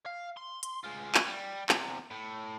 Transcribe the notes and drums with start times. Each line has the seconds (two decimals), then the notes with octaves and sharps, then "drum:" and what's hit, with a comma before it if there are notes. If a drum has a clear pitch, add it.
0.06 F5
0.37 C6
0.63 drum: hi-hat
0.84 G#3 F4
1.15 drum: clap
1.26 G3
1.69 E2 C3, drum: clap
2.11 A2